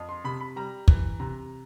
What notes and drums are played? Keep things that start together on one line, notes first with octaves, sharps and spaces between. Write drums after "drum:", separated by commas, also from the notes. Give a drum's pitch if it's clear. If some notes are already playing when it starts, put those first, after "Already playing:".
Already playing: F2
C6
C3 B5
B5
G3 A#5
E3, drum: kick
C3 A#5